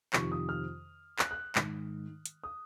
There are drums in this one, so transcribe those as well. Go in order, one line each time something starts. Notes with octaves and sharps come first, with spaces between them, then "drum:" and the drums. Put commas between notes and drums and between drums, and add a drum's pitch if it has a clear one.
F2 C3 D#3 C#6, drum: clap
D#6
F6
F#6, drum: clap
F#6
G#2 D#3, drum: clap
drum: hi-hat
D#6